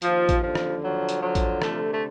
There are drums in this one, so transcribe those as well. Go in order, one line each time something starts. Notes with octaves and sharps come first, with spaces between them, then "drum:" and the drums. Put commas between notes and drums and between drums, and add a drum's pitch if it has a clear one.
D#2 F3, drum: hi-hat
drum: kick, hi-hat
D3 F3
drum: rim click
F3 F#3
drum: hi-hat
D3 F#3
drum: kick, hi-hat
C3 A3, drum: rim click
A3